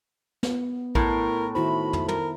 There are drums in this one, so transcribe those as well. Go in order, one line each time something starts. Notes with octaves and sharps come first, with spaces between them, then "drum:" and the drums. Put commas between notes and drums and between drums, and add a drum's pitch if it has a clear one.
B3, drum: snare
A2 E4 A#4, drum: kick A#1
D#3 E4 F#4 C5 B5
drum: tom
A#4, drum: tom